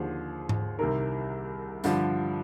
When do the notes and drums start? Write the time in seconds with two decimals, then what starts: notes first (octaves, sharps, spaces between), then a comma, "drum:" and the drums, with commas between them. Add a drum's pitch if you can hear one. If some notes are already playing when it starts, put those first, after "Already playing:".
Already playing: D#2 D3 F3 G#4 C5
0.49 drum: tom G#2
0.78 C2 C3 D#3 A#4
1.84 G2 D3 F3, drum: tambourine